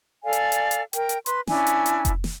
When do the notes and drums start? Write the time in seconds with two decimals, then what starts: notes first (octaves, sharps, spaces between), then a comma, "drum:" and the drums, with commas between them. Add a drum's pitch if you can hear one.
0.23 A4 D5 F5 G#5
0.33 drum: hi-hat
0.52 drum: hi-hat
0.71 drum: hi-hat
0.93 A#4 G5, drum: hi-hat
1.09 drum: hi-hat
1.26 B4 C6, drum: hi-hat
1.47 C#4 D4 E4 G#5, drum: snare
1.67 drum: hi-hat
1.86 drum: hi-hat
2.05 drum: kick F1, hi-hat
2.24 drum: snare